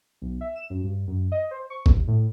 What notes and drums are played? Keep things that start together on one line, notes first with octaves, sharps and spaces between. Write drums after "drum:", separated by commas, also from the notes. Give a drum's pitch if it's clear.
B1
E5
E7
F#2
G2
F#2
D#5
C5
C#6
D#2, drum: kick G#1
A2